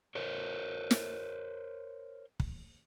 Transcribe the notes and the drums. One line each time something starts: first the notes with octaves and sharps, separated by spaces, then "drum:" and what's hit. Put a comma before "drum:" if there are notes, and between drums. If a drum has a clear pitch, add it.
A#4 C5 C#5
drum: snare
drum: kick